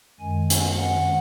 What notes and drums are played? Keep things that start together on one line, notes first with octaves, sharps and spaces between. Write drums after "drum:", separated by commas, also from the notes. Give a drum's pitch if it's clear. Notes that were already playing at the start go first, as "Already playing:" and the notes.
F#2 D#3 G#3 G#5
drum: hi-hat
F#5